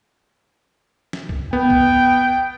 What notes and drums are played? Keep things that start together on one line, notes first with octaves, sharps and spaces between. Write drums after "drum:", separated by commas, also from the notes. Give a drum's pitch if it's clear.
drum: snare
drum: kick B1
B3 G5
drum: kick B1